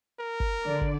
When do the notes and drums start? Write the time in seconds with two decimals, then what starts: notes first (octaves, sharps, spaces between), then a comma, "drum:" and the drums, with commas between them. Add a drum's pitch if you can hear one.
0.19 A#4
0.40 drum: kick
0.64 D3 D5
0.81 drum: kick